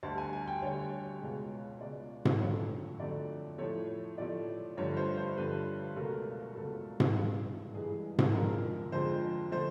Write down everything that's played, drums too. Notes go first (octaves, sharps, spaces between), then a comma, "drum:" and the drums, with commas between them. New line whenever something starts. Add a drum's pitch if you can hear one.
D2 D3 G3 A5
G#5
G#5
G5
D2 D3 G3 C#5
C#2 B2 G#3
C#2 B2 G#3 D5
drum: tom G#2
F2 D3 F#3 A3 C#5
F2 D3 F#3 A3 D5
A2 F3 A3 C#5
A2 F3 A3 D5
G2 D3 F3 A3 C#5
C5
C5
G2 D3 F3 A3 B4
C#2 B2 F#3 A3 A#4
C#2 B2 F#3 A3 A4
drum: tom G#2
G2 E3 G#3
G2 E3 G#3 G#4
drum: tom G#2
F2 D3 F3 G#3 A#4
F2 D3 F3 G#3 C5
D3 F3 A3 C5